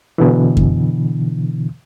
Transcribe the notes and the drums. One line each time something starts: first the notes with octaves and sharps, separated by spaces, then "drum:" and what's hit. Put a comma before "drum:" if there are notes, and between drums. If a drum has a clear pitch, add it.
B2 D3 E3
drum: kick F#2